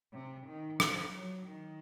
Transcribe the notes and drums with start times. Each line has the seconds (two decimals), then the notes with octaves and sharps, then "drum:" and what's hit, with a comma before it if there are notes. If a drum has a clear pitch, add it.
0.13 C3
0.47 D#3
0.80 F3, drum: rim click
1.13 F#3
1.47 D#3